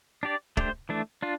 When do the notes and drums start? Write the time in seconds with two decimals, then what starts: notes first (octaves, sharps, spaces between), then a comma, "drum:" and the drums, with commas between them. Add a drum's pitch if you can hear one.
0.23 D4 G4 D5
0.57 A3 D4 G4 C5, drum: kick
0.89 E3 A3 D4
1.22 D4 F4